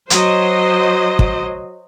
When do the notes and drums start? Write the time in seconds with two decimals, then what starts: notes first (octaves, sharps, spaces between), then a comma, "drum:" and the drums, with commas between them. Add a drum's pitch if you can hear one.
0.10 F#3 C5 D#5, drum: hi-hat
1.19 drum: kick